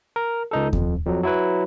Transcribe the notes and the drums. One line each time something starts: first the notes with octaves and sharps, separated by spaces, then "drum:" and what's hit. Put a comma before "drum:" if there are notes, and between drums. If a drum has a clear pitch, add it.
A#4
C#2 D#4 A4
F2, drum: kick D#2
F2 F#3
F#3 E4 B4